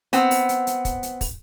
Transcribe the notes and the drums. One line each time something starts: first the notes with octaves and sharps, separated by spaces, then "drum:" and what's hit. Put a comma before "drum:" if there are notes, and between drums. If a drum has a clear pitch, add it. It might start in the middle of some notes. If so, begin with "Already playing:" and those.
B3 C4, drum: hi-hat
drum: open hi-hat
drum: hi-hat
drum: hi-hat
drum: kick, hi-hat
drum: hi-hat
drum: kick, open hi-hat